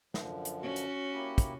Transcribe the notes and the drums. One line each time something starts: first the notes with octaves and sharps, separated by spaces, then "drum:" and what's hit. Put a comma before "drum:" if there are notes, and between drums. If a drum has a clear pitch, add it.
F#2 D3 F3, drum: snare
drum: hi-hat
C#4 F#4
drum: hi-hat
A#3 E4 G4
drum: kick, hi-hat